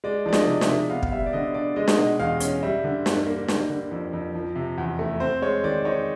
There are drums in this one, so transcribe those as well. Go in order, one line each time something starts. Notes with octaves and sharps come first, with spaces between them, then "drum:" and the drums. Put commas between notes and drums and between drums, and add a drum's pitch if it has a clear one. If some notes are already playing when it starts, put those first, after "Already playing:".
G#3 D5
F3 D5
D#5, drum: snare
C3
E5, drum: snare
C3
B3 F5
F5, drum: kick
G3 E5
D5
D3 D#5
D4 D5
G#3 D#5
drum: snare
B2
E2 F5
C#4, drum: hi-hat
G3 E5
D3
G2, drum: snare
A#3
G3, drum: snare
D3
F2
F2
F3
C3
E2
A3
C4 C5
G#3 C#5
D#3 D5
D#4 C#5